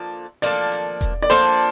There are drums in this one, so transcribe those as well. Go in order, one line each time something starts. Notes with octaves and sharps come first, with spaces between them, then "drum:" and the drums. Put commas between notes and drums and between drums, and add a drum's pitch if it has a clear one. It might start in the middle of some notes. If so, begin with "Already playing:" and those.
Already playing: F3 A#3 D4 A4
F3 A#3 D4 A4 D5, drum: hi-hat
drum: hi-hat
drum: kick E1, hi-hat
D5
F3 A#3 D4 A4 C5